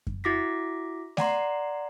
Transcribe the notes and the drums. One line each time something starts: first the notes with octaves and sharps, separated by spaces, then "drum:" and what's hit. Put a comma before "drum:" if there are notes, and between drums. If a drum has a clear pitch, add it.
drum: kick F#2
E4 F#4 D6 A#6 B6
D5 F#5 A#5 C6, drum: snare A3